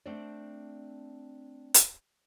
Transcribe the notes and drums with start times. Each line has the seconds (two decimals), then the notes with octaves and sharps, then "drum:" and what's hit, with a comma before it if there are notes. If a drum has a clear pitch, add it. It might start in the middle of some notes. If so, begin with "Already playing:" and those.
0.06 A3 C4 D4 C5 D5
1.74 drum: hi-hat